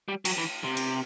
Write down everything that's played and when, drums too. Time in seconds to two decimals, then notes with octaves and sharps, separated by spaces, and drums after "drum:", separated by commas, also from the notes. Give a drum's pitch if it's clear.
0.08 G3
0.25 F#3, drum: cymbal
0.38 E3
0.64 C3
0.77 drum: cymbal